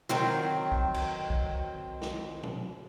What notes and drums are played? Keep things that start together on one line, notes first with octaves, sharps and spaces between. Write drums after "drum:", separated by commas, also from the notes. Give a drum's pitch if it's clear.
D#3 F#3 C4, drum: snare
drum: kick B1
drum: cymbal
drum: kick B1
drum: snare
drum: tom